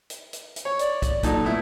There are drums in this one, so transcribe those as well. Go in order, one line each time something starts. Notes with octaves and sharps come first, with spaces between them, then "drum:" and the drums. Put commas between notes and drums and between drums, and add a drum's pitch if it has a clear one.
drum: hi-hat
drum: hi-hat
drum: hi-hat
C#5
D5, drum: hi-hat
drum: kick, hi-hat
A#2 F#3 D#4 A4, drum: kick, hi-hat
A3 B3 E4 A4